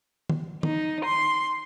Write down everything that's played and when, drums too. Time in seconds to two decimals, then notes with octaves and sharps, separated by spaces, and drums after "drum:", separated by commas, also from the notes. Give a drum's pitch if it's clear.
0.29 drum: tom D#3
0.63 D#4, drum: tom D#3
1.05 C6